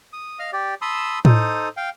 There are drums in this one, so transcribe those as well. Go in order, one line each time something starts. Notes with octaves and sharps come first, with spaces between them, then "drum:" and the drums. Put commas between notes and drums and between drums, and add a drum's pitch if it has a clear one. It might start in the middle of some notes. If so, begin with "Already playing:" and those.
D#6
D#5 F5 F6
G4 D5
A5 B5 C6 D#6 E6
D#4 A4 C5 D#6, drum: tom A2
F5 G5